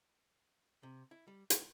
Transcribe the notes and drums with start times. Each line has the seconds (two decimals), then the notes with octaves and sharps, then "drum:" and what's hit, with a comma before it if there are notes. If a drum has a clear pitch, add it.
0.83 C3
1.11 E4
1.28 G3
1.50 D2, drum: hi-hat